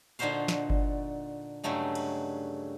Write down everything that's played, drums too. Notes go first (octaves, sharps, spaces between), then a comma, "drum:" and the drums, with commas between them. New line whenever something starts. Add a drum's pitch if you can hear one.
A#2 D3 D#4 F#4 C5 F5
drum: snare
drum: kick G1
G2 C#3 F#3 A3 D#4
drum: cymbal